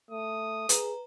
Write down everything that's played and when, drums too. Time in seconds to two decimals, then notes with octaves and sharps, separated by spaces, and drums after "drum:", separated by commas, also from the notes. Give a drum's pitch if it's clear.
0.11 A3 D#6
0.69 G#4 B4 A#5, drum: hi-hat